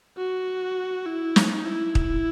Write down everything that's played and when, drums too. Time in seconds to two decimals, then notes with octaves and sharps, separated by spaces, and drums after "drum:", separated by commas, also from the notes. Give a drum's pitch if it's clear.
0.17 F#4
1.06 E4
1.36 D#4, drum: snare
1.66 E4
1.95 E4, drum: kick